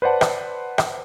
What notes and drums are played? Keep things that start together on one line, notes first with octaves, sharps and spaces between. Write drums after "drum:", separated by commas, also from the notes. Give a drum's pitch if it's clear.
B4 C5 D5 F#5 A5
drum: rim click
drum: rim click